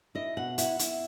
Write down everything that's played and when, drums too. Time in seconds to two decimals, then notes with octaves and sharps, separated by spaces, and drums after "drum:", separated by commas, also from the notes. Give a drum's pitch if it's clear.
0.15 E4 D#5
0.37 B2 F#5
0.58 E4 F#5, drum: hi-hat
0.79 E4, drum: hi-hat